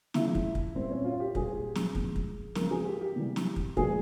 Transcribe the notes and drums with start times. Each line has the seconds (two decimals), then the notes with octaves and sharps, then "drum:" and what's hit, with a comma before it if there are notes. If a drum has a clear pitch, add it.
0.14 C#3 F3 G#3 E4, drum: snare
0.35 drum: kick
0.55 drum: kick
0.75 A#2 G3 C4
0.91 C#4
1.05 F4
1.20 G4
1.35 A#2 G3 G#4, drum: kick
1.75 drum: snare
1.95 C#3 F3 G#3, drum: kick
2.16 drum: kick
2.55 C#3 F3 G#3 A#4, drum: snare
2.71 G#4
2.85 G4
3.01 G4
3.16 C3 E3 G3
3.36 drum: snare
3.56 drum: kick
3.77 A#2 F3 G#3 G#4, drum: kick